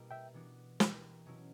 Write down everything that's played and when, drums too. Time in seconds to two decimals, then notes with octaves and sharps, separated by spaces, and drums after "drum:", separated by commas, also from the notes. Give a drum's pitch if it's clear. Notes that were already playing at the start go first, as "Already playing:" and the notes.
Already playing: B2 G3 A#3 E4
0.11 E5 G5
0.34 E3 B3 D4 F#4
0.80 E3 A#3 E4 G4, drum: snare
1.26 B2 F#3 C#4 E4